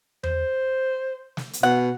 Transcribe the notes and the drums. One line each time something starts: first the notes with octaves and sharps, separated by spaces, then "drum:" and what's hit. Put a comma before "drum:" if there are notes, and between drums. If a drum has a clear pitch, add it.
C5, drum: tom E2
drum: snare
drum: hi-hat
B2 F#5